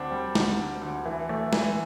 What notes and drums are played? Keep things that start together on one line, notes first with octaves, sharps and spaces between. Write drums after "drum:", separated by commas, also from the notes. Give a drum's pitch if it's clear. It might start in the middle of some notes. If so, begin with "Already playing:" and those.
Already playing: D2 C4 D4
G3
D2, drum: snare
D2
D2
E3
A3
E3, drum: snare